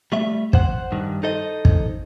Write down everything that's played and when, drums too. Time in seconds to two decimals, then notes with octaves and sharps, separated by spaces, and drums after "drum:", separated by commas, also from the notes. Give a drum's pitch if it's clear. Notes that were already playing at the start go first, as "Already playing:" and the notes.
0.12 G3 A3 E5
0.53 C5 F#5, drum: kick
0.92 G2 D#3
1.23 D#4 A4 C5 D#5
1.65 drum: kick